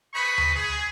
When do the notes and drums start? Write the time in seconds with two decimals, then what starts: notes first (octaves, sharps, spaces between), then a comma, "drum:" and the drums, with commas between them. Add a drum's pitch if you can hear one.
0.13 G#4 B4 C5 D#5 B5 C#6
0.38 drum: tom D2
0.54 G#4